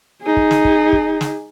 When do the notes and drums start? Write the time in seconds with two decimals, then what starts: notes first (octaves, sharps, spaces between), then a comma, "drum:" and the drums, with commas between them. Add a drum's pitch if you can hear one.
0.23 D#4 G#4
0.37 drum: kick
0.51 drum: snare
0.65 drum: kick
0.93 drum: kick
1.21 drum: snare